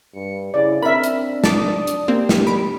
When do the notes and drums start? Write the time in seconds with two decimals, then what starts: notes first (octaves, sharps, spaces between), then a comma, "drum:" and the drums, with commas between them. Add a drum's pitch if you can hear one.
0.14 G2 C#7
0.54 C#3 E4 D5
0.83 C4 D4 A#4 E5 B5 B6
1.04 drum: hi-hat
1.44 A5 D6 D#6, drum: snare
1.87 drum: hi-hat
2.08 A#3 C4 G4
2.29 drum: snare
2.47 B5 D7